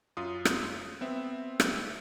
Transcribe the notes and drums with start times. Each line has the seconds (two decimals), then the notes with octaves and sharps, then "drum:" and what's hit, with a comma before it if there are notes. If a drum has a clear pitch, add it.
0.17 F#2 F4 D#6
0.45 drum: rim click
1.01 B3 C4 E5
1.60 drum: rim click